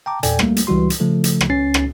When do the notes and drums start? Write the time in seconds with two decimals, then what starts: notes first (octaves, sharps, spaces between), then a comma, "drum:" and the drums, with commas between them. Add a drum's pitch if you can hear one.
0.06 G5 A5 A#5 D6
0.23 E2 A#2 A4 D5 G5 G#5, drum: hi-hat
0.39 G3 A3 A#3, drum: rim click
0.57 drum: hi-hat
0.67 C#2 E3 G3 F#4 C6
0.90 drum: hi-hat
1.00 C#3 F3 A3 A4
1.24 drum: hi-hat
1.41 drum: rim click
1.50 C#2 C#4 A6 C7
1.74 drum: rim click